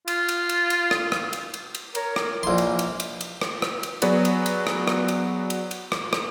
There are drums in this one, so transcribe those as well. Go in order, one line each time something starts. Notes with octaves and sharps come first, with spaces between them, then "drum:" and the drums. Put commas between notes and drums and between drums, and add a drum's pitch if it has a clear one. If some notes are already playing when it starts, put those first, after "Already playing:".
F4, drum: cymbal
drum: cymbal
drum: cymbal
drum: cymbal
drum: rim click
drum: rim click
drum: cymbal
drum: cymbal
drum: cymbal
A#4 C#5, drum: cymbal
drum: rim click
A#1 E3 G#3 A#3 C6
drum: cymbal
drum: cymbal
drum: cymbal
drum: cymbal
drum: rim click
drum: rim click
drum: cymbal
F#3 B3 F#4 G#4 B4 D5, drum: cymbal
drum: cymbal
drum: cymbal
drum: rim click
drum: rim click
drum: cymbal
drum: cymbal
drum: cymbal
drum: rim click
drum: rim click